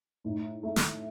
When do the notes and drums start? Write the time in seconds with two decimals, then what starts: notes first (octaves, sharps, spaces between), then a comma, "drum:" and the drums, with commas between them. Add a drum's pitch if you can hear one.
0.24 A2 D#4
0.63 A3
0.76 drum: snare